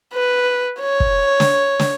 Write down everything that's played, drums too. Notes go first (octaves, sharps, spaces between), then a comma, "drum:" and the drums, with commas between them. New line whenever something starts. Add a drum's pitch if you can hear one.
B4
C#5
drum: kick
drum: snare
drum: snare